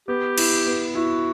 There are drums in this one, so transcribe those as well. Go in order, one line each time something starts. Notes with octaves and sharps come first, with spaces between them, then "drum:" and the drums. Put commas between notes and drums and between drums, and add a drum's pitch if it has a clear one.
B3 G4
E4, drum: cymbal
B3
E4 F#4